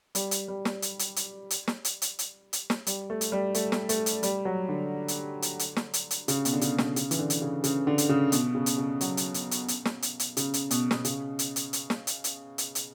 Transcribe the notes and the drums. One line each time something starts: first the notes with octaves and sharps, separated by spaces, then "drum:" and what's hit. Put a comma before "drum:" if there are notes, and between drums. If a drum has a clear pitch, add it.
G3, drum: hi-hat
drum: hi-hat
G3
drum: snare
drum: hi-hat
drum: hi-hat
drum: hi-hat
drum: hi-hat
drum: snare
drum: hi-hat
drum: hi-hat
drum: hi-hat
drum: hi-hat
drum: snare
G3, drum: hi-hat
A3
drum: hi-hat
G3
A3, drum: hi-hat
drum: snare
A3, drum: hi-hat
drum: hi-hat
G3, drum: hi-hat
F#3
D3
drum: hi-hat
drum: hi-hat
drum: hi-hat
drum: snare
drum: hi-hat
drum: hi-hat
C#3, drum: hi-hat
B2, drum: hi-hat
D3
C#3, drum: hi-hat
B2, drum: snare
C#3, drum: hi-hat
E3, drum: hi-hat
D3
drum: hi-hat
C#3
C#3, drum: hi-hat
D3
drum: hi-hat
C#3
B2, drum: hi-hat
C#3
drum: hi-hat
C#3
F#3, drum: hi-hat
drum: hi-hat
drum: hi-hat
drum: hi-hat
drum: hi-hat
drum: snare
drum: hi-hat
drum: hi-hat
C#3, drum: hi-hat
drum: hi-hat
B2, drum: hi-hat
B2, drum: snare
C#3, drum: hi-hat
drum: hi-hat
drum: hi-hat
drum: hi-hat
drum: snare
drum: hi-hat
drum: hi-hat
drum: hi-hat
drum: hi-hat